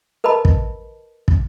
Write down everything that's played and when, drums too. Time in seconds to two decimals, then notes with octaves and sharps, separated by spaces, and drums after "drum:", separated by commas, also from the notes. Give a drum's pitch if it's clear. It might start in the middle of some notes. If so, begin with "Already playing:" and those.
0.24 A#4 B4 D#5 A5 B5
0.45 drum: kick
1.28 drum: kick